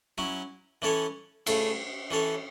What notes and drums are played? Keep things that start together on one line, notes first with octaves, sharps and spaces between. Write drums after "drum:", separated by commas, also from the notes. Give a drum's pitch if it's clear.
F#3 C#4 E4
E3 C#4 E4 A4 C#5
C#3 A3 E4, drum: cymbal
E3 C#4 A4 C#5